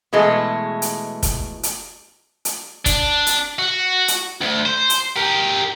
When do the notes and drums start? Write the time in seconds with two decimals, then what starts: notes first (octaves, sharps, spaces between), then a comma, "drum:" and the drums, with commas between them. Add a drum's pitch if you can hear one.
0.13 B2 E3 G#3 A3
0.82 drum: hi-hat
1.23 drum: kick, hi-hat
1.63 drum: hi-hat
2.45 drum: hi-hat
2.86 D4, drum: kick, hi-hat
3.27 drum: hi-hat
3.59 F#4
4.08 drum: hi-hat
4.41 D2
4.66 C5
4.90 drum: hi-hat
5.16 G4 A#4